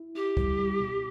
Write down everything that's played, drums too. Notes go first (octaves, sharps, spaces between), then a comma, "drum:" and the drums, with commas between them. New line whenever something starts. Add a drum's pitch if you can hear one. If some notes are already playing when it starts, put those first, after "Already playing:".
Already playing: E4
E4 G4
G3, drum: kick C#2
G3
B2